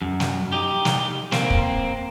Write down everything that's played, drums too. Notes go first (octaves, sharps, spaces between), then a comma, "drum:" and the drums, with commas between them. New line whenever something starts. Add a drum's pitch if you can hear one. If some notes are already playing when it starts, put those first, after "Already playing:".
F#2
drum: snare
D#4 G4
drum: snare
A#3 C4, drum: snare
drum: kick